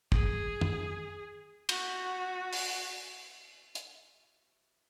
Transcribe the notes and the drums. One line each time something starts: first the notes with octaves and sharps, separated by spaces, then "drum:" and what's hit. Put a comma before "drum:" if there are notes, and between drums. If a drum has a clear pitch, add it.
G#4, drum: kick
drum: tom
F#4, drum: cymbal
drum: open hi-hat
drum: hi-hat